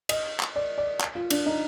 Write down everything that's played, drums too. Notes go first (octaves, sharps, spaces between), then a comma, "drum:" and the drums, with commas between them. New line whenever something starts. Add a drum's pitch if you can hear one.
D#5, drum: cymbal
drum: clap
D5
D5
drum: clap
F4
D4, drum: cymbal
D#4